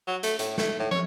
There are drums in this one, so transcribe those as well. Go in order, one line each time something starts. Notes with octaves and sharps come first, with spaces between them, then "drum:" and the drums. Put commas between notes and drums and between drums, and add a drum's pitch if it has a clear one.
F#3
A3, drum: hi-hat
A2, drum: hi-hat
A3, drum: snare
A2
C#5, drum: tom